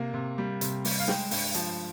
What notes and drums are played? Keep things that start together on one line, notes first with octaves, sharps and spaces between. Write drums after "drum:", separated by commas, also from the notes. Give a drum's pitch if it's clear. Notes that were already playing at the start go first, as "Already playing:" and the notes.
Already playing: C3 A#3
C3
G3
C3, drum: hi-hat
G3, drum: open hi-hat
F5
G#3 G5, drum: snare
G2, drum: open hi-hat
F3, drum: hi-hat